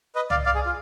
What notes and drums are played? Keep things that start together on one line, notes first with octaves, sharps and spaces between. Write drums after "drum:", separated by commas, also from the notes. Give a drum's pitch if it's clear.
B4 D#5
D5 F5, drum: tom
D5 F5
G#4
F4